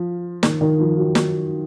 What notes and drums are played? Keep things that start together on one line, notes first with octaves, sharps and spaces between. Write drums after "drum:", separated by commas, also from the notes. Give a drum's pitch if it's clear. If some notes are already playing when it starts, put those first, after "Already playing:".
Already playing: F3
D#3, drum: snare
D#3
F3
F#3
drum: snare